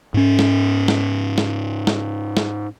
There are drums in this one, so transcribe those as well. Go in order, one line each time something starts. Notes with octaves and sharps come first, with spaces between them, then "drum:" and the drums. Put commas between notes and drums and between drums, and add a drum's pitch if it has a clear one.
G#2 C#4
drum: snare
drum: snare
drum: snare
drum: snare
drum: snare